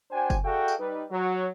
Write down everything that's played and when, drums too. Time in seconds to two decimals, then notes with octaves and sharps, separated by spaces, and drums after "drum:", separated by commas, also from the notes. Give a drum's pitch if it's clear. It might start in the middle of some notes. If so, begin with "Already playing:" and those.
0.11 D4 F#4 C5 G5 G#5
0.30 drum: kick F#1, tambourine
0.44 F#4 G#4 A4 D#5 F5 G5
0.68 drum: tambourine
0.79 G3 D#4 B4
1.11 F#3